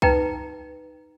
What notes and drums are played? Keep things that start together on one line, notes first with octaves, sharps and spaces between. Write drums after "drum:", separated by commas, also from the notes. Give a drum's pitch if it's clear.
D#4 B4 G5 A#5, drum: kick C2